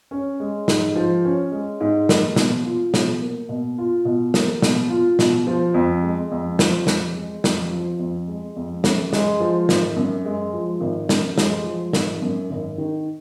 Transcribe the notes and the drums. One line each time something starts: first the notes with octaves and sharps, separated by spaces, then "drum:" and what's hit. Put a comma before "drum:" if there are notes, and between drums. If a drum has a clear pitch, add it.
C#4
G#3
G#2, drum: snare
F3
C#4
G#3
G#2
A#3, drum: snare
B2, drum: snare
F4
B2, drum: snare
A#3
B2
F4
B2
A#3, drum: snare
B2, drum: snare
F4
B2, drum: snare
F3
F2
G#3
F2
F3, drum: snare
F2, drum: snare
G#3
F2, drum: snare
F3
F2
G#3
F2
F#2, drum: snare
G#3, drum: snare
F3
G#1, drum: snare
F#2
G#3
F3
G#1
F#2, drum: snare
G#3, drum: snare
F3
G#1, drum: snare
F#2
G#1
D#3